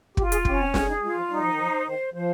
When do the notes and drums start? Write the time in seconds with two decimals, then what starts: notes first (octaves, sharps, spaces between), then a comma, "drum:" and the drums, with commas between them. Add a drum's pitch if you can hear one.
0.17 F4 G4, drum: kick
0.32 G#4, drum: hi-hat
0.45 C#4 G4, drum: kick
0.59 C4
0.74 C4 G#4, drum: snare
0.88 D#4
1.02 G#3 F4
1.16 F3
1.30 G3 D#4
1.40 F3
1.49 D#3
1.57 F3 C5
1.86 D#3 C5
2.14 F3 C5